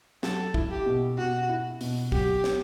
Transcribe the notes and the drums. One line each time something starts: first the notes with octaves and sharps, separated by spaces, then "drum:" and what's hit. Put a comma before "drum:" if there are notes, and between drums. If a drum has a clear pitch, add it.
F#3 A4, drum: snare
E4, drum: kick
G4
B2
B2 F#4
E4
B2, drum: open hi-hat
F#3 G4, drum: kick
B3, drum: snare